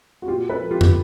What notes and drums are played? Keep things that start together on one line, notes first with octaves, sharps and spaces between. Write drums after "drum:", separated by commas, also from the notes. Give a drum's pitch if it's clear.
F#4
A#2 F4 G4
A4 B4
F3
F4 G4
drum: tom